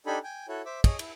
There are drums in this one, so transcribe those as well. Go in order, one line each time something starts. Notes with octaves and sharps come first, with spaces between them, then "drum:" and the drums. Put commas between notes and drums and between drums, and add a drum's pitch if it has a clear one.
D4 D#4 G4 A4 G#5 B5
G5 G#5
E4 F#4 A4 C#5
C5 E5 D6
G#4 C#5 D#5 D#6, drum: kick, cymbal
E4, drum: cymbal